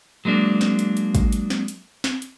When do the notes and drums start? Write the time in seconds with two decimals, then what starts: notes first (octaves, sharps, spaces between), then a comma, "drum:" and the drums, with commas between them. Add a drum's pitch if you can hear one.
0.25 F#3 G#3 A#3 D4
0.61 drum: snare
0.79 drum: hi-hat
0.97 drum: hi-hat
1.15 drum: kick, hi-hat
1.32 drum: hi-hat
1.50 drum: snare
1.68 drum: hi-hat
2.04 drum: snare
2.22 drum: hi-hat